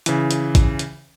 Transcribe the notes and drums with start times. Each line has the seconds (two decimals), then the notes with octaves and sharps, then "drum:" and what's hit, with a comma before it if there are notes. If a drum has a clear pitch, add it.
0.06 C#3 E3, drum: hi-hat
0.31 drum: hi-hat
0.55 drum: kick A1, hi-hat
0.79 drum: hi-hat